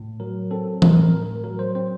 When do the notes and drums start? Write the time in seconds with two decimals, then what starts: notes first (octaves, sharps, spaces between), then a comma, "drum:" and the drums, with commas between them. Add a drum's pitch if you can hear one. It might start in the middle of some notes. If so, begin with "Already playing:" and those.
Already playing: A2
0.20 F#3 A#4
0.51 C4 A4
0.82 A2 A#4, drum: tom E3
1.03 A#4
1.13 A2
1.23 A#4
1.44 F#3 A#4
1.59 C5
1.75 C4 C5